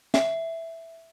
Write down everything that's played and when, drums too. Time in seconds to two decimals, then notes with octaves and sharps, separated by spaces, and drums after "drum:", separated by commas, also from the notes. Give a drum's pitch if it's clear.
0.14 E5, drum: snare